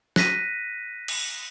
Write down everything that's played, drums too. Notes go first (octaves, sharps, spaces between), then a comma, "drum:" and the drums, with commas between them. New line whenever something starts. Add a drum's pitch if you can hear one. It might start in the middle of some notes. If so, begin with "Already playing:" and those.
F#6 A#6 B6 D#7, drum: snare
drum: cymbal